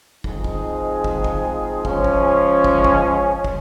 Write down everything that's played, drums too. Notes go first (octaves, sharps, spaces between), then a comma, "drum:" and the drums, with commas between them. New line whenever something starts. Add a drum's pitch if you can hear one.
F3 G#3 C4 D#4 G#4, drum: kick
drum: kick
drum: kick
drum: kick
F3 G#3 C#4, drum: kick
drum: kick
drum: kick
drum: kick
drum: kick